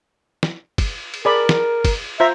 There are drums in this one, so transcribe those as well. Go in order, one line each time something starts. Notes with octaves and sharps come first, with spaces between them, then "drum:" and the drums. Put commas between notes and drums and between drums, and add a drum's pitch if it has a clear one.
drum: snare
drum: kick, cymbal
drum: cymbal
G#4 A#4 D5 B5
drum: snare
drum: kick, cymbal
F4 C5 E5 A#5